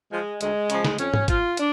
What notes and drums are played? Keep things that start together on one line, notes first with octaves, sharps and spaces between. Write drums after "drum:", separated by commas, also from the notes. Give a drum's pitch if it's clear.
F3 G#3
D2 G#3, drum: hi-hat
C#3 F3, drum: hi-hat
drum: snare
F2 C#4, drum: hi-hat
drum: tom G#2
F3 F4, drum: kick, hi-hat
D4, drum: hi-hat